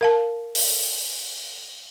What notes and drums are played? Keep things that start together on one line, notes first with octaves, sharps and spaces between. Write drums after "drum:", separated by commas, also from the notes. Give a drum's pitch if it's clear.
A#4 F5 A5
drum: open hi-hat